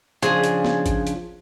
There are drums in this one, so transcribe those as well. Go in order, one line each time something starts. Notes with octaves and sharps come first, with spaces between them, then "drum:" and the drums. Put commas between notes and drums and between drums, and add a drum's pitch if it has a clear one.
C#3 F3 D4 G#4, drum: hi-hat
drum: hi-hat
drum: snare
drum: kick G#1, hi-hat
drum: hi-hat